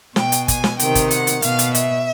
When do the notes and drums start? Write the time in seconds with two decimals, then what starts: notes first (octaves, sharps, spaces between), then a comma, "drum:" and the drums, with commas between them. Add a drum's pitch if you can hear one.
0.16 B2 G5, drum: snare
0.32 drum: hi-hat
0.48 G#5, drum: kick, hi-hat
0.64 drum: snare
0.79 C3 D#3 G5, drum: hi-hat
0.95 drum: kick, hi-hat
1.11 F#5, drum: hi-hat
1.27 drum: hi-hat
1.42 B2 F5, drum: hi-hat
1.59 drum: hi-hat
1.75 E5, drum: hi-hat